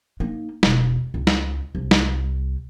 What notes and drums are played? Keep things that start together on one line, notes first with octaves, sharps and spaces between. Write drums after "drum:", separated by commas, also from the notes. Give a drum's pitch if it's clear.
A#3 D#4
E1, drum: snare
C#2
drum: snare
C2
drum: snare